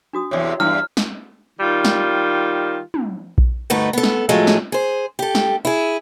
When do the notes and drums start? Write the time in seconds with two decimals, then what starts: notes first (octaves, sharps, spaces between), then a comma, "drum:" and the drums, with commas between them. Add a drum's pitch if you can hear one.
0.13 D4 F#4 D#6
0.31 E2 C3 C#5 D5
0.60 E2 G2 E4 E6 F6
0.97 drum: snare
1.59 D#3 G3 F4
1.85 drum: snare
2.94 drum: tom
3.38 drum: kick A#1
3.70 D2 G2 A3 D#4 B4 F#5
3.93 B3 A4
4.03 drum: snare
4.29 A2 F3 F#3 G#3 A3
4.47 drum: snare
4.72 G#4 C5
5.19 G4 A4
5.35 drum: snare
5.65 E4 G#4